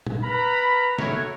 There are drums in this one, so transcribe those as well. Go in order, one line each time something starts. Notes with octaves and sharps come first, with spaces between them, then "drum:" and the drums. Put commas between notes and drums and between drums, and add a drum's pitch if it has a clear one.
drum: tom
A#4 B4 A#5 B5
F#3 A3 A#4 C#5, drum: snare